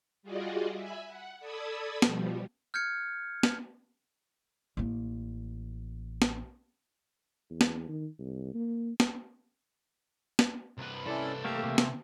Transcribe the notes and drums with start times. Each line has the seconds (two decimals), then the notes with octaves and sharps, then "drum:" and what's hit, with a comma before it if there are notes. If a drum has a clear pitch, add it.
0.23 G3 F4 F#4 G#4 D5 D#5
0.75 E5 G#5 B5
1.07 F#5
1.40 A4 D5 B5 D#6 E6 G#6
2.02 B2 F3 G3, drum: snare
2.74 F6 G6 G#6 C#7
3.43 drum: snare
4.77 A1 A#3
6.22 drum: snare
7.50 E2
7.61 drum: snare
7.89 D#3
8.19 C2
8.54 A#3
9.00 drum: snare
10.39 drum: snare
10.78 C2 B4
11.07 C#4 E4 A4 D5
11.45 A3 A#3 G4 A#5
11.64 C3 E3
11.78 drum: snare